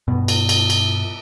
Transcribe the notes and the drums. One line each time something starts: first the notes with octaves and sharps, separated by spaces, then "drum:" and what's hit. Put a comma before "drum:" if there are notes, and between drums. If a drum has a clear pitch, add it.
G2 B2
drum: cymbal
drum: cymbal
drum: cymbal